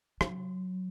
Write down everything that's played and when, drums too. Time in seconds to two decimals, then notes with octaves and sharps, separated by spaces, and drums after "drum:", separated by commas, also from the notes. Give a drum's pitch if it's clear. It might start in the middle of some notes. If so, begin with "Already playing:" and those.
0.21 F#3, drum: rim click